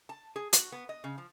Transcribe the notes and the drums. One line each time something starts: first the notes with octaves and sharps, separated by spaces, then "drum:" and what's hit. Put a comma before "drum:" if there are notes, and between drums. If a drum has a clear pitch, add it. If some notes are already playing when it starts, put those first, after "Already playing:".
A5
G#4
F#4, drum: hi-hat
B3
D#5
C#3
F3